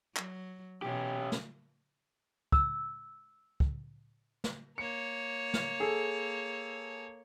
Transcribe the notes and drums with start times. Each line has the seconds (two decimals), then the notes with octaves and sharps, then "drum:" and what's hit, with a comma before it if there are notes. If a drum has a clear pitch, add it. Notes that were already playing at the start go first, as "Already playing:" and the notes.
0.16 F#3, drum: clap
0.82 B2 C#4 G4
1.32 drum: snare
2.52 E6, drum: kick
3.60 drum: kick
4.44 drum: snare
4.78 A#3 C#5 C#7
5.54 drum: snare
5.80 G#4 A4